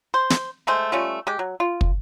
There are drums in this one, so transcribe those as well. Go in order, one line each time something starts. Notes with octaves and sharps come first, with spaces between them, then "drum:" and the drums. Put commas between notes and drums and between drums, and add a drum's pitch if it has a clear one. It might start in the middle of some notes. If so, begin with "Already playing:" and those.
C5
drum: snare
G#3 A3 G#4 C5
G3 A3 C#4 F4
G#3 G4
F#3
F4
drum: kick